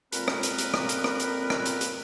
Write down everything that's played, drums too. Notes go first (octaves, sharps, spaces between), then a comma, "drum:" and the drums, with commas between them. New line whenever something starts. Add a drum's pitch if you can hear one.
F2 A#2 G#3 C4 A#4 B4, drum: hi-hat
drum: rim click
drum: hi-hat
drum: hi-hat
drum: rim click
drum: hi-hat
drum: rim click
drum: hi-hat
drum: rim click
drum: hi-hat
drum: hi-hat